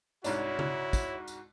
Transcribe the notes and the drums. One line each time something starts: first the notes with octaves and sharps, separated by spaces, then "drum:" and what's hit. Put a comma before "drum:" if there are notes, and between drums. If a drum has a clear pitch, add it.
C2 G#2 D4 E4 F#4 C#5, drum: tambourine
drum: tom C#3
drum: kick, tambourine
drum: tambourine